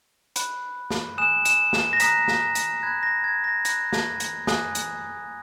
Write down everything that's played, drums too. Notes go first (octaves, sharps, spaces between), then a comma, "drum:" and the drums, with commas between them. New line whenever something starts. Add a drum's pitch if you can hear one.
B5 F#6, drum: hi-hat
drum: snare
G#5 D#6 F#6 E7
E7, drum: hi-hat
drum: snare
A#6
A#5 D#6 F#6 B6, drum: hi-hat
drum: snare
drum: hi-hat
B5 F#6 G#6
A#6
G#6
A#6
B5 F#6 A#6, drum: hi-hat
drum: snare
drum: hi-hat
G#5 D#6 F#6, drum: snare
drum: hi-hat